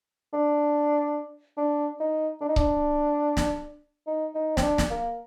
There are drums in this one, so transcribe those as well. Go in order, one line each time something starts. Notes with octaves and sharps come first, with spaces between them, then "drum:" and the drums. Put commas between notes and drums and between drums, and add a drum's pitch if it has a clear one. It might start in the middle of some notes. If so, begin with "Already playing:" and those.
D4
D4
D#4
D4
D#4
D4, drum: kick C#1
drum: snare
D#4
D#4
C4, drum: snare
D4
drum: snare
A#3